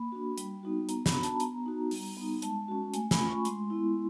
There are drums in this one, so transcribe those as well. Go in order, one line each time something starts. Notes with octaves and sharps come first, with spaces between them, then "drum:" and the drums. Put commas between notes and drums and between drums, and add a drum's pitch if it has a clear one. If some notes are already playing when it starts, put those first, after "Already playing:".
Already playing: A#3 B5
D4 F#4
G3, drum: hi-hat
B3 D#4 F#4
B3 A#5, drum: hi-hat
B5, drum: snare
D4 F#4
A5, drum: hi-hat
B3 A#5, drum: hi-hat
D#4 F#4
G3, drum: open hi-hat
B3 D#4
G#3 A5, drum: hi-hat
C#4 F#4
A3 G#5, drum: hi-hat
B5, drum: snare
C#4 F4
C#6
G#3 C6, drum: hi-hat
B3 E4